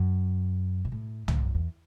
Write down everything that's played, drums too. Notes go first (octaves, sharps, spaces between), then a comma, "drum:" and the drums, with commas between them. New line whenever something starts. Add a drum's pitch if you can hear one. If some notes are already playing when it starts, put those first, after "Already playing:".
Already playing: F#2
B2
A2
A2, drum: tom
F#2
E2